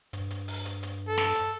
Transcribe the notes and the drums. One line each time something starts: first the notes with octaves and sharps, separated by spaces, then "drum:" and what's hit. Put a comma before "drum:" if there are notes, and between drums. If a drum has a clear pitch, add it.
G2, drum: hi-hat
drum: hi-hat
drum: open hi-hat
drum: hi-hat
drum: hi-hat
A4
drum: snare
drum: hi-hat